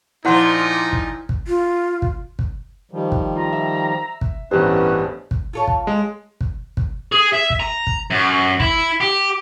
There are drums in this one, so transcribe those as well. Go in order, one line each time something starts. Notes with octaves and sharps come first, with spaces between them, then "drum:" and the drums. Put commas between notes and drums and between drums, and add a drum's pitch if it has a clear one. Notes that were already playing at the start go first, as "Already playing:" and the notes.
A#2 F3 D#4 E4 F#5 C6
drum: kick
drum: kick
F4
drum: kick
drum: kick
D#3 F3 G3
drum: kick
F4 A#5
E5
drum: kick
A1 E2 G2 A3 B3 C#4 C5 F#6
drum: kick
F4 A4 C#5
drum: kick
G#3
drum: kick
drum: kick
G#4
E5
drum: kick
A#5
drum: kick
F#2
E4, drum: kick
G4